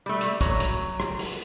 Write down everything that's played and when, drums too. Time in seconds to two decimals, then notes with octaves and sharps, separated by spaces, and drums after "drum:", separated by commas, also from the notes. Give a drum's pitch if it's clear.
0.06 G3 A3
0.21 drum: hi-hat
0.41 F#3, drum: kick, hi-hat
0.60 drum: hi-hat
1.00 drum: rim click
1.19 drum: open hi-hat